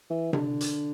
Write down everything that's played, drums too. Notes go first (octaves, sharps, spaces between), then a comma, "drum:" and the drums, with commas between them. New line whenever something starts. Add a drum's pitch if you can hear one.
E3
D3, drum: tom C3
drum: hi-hat